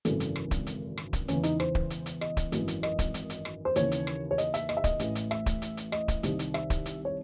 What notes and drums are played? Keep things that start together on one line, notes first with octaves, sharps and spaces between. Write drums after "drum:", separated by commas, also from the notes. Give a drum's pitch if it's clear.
G#1 F#2 C#3 E3 A4, drum: hi-hat
drum: hi-hat
drum: rim click
drum: kick, hi-hat
drum: hi-hat
drum: rim click
drum: kick, hi-hat
E1 E2 C#3 E3 C#4, drum: hi-hat
D#4, drum: hi-hat
C5, drum: rim click
drum: kick
drum: hi-hat
drum: hi-hat
D#5, drum: rim click
drum: kick, hi-hat
G#1 F#2 E3, drum: hi-hat
drum: hi-hat
D#5, drum: rim click
drum: kick, hi-hat
drum: hi-hat
drum: hi-hat
drum: rim click
C5
D#2 C#3 E3 C#5, drum: hi-hat
drum: hi-hat
drum: rim click
C#5
D#5, drum: hi-hat
E5, drum: hi-hat
D#5, drum: rim click
E5
D#5, drum: kick, hi-hat
A1 A2 E3, drum: hi-hat
drum: hi-hat
E5, drum: rim click
drum: kick, hi-hat
drum: hi-hat
drum: hi-hat
D#5, drum: rim click
drum: kick, hi-hat
C2 C3 D#3, drum: hi-hat
drum: hi-hat
E5, drum: rim click
drum: kick, hi-hat
drum: hi-hat
C#5